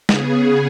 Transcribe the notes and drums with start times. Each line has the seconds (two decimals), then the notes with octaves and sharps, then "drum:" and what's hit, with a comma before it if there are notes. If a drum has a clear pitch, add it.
0.09 C#3 B3 G#4, drum: snare